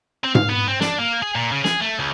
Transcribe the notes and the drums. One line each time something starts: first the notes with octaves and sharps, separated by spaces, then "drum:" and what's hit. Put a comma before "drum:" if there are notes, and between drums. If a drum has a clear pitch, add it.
C4
F5, drum: tom G#2
B3
C4
D4, drum: snare
A#3
G#4
A#2
C#3
G#4, drum: snare
A3
C#2